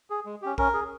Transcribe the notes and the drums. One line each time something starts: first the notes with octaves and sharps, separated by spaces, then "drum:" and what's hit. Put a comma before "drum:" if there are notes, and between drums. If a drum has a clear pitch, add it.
G#4
G#3
C#4 G4
C#4 A#4, drum: kick B1
G#4